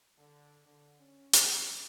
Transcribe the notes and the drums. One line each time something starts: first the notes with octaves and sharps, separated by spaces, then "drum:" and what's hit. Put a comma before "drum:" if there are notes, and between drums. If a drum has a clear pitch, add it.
D3
D3
C#4
drum: hi-hat
G2